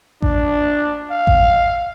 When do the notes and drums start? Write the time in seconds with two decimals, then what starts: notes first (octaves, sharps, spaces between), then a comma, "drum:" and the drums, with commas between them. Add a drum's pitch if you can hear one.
0.22 D4, drum: kick A1
1.11 F5
1.27 drum: kick A1